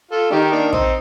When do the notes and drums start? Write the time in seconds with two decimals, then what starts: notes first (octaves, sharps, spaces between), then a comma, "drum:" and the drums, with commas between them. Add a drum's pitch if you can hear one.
0.11 F4 A4
0.31 D#3 D#4 G4
0.52 A#3 D4
0.73 C4 D#4, drum: kick